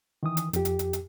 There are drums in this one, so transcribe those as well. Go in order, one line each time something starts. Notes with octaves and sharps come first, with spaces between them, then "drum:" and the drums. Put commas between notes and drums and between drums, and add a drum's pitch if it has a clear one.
D#3 E3 D#6
drum: hi-hat
F2 G4, drum: hi-hat
drum: hi-hat
drum: hi-hat
drum: hi-hat